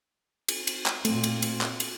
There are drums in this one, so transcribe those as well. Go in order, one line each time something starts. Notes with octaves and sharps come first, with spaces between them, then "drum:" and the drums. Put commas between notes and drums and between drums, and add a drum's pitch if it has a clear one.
drum: cymbal
drum: cymbal
drum: clap
A#2 A3 C4, drum: cymbal
drum: cymbal
drum: cymbal
drum: clap
drum: cymbal